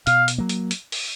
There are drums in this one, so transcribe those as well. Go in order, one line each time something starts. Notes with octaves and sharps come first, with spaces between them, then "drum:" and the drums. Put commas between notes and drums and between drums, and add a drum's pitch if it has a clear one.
B2 F5, drum: hi-hat
drum: hi-hat
F#3 A#3
drum: hi-hat
drum: hi-hat
drum: open hi-hat